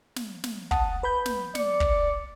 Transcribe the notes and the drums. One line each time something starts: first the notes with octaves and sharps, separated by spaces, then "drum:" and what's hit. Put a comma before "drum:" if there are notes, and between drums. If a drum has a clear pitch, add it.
drum: snare
drum: snare
F#5 A5 D#6, drum: kick
B4 B5 G6
drum: snare
D5 C#7, drum: snare
drum: kick